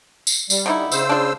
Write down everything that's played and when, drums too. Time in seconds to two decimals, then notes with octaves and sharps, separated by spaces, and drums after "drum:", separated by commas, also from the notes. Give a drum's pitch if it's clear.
0.27 drum: tambourine
0.50 G3, drum: tambourine
0.66 D3 D#4 E4
0.92 C#3 C5 E6, drum: tambourine
1.09 D4 F4